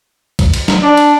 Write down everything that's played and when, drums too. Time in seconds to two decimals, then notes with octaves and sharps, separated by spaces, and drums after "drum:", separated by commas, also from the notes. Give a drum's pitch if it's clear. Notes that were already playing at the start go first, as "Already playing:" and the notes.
0.39 drum: kick B1, cymbal
0.54 drum: cymbal
0.68 drum: snare
0.83 D4
0.97 drum: cymbal